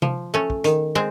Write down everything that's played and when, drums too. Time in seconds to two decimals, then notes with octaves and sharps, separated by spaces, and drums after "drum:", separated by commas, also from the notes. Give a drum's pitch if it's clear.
0.02 F3, drum: tom C3
0.34 A3 C#4
0.50 drum: kick
0.64 D#3, drum: hi-hat
0.95 G#3 C4